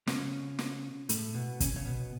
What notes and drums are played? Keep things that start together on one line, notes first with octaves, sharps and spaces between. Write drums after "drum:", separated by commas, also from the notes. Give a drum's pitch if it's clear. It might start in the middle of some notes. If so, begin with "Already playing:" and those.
C#3 C#4, drum: snare
drum: snare
A2 A3, drum: hi-hat
B2 B3
C#4, drum: kick, hi-hat
C#3 C#4
B2 B3